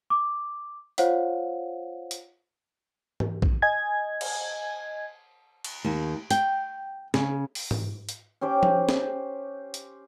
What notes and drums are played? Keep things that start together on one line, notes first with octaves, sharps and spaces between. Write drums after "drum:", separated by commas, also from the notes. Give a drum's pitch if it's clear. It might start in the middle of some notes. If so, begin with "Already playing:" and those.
D6
F4 C5 C#5 F5 F#5, drum: hi-hat
drum: hi-hat
drum: tom
drum: kick A#1
D#5 G#5 G#6
drum: cymbal
drum: cymbal
D#2
G5, drum: hi-hat
C#3, drum: snare
drum: open hi-hat
drum: tom G#2
drum: hi-hat
C#4 G4 C5 D6
drum: tom F3
drum: snare
drum: hi-hat